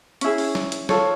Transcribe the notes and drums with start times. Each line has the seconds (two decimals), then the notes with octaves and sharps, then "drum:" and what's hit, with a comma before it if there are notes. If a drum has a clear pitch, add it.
0.21 C#4 E4 G#4, drum: hi-hat
0.38 drum: open hi-hat
0.55 drum: snare
0.72 drum: hi-hat
0.89 F4 A4 C#5, drum: snare